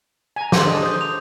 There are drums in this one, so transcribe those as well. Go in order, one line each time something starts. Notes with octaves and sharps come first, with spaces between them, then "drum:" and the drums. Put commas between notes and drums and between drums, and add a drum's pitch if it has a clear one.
G#5 A#5
G4 A4 B4 C6 D6, drum: snare
D4 G#4 D#5
C5 D#6 G6
F7